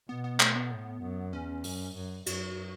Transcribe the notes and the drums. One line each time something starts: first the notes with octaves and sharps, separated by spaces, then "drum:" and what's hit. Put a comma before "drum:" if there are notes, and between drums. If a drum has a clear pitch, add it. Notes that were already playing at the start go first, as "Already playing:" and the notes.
B2 B3
B3
A3, drum: clap
B3
A2
F#2
E2 C#4
F#2, drum: open hi-hat
F#2
F#2 F#4, drum: cymbal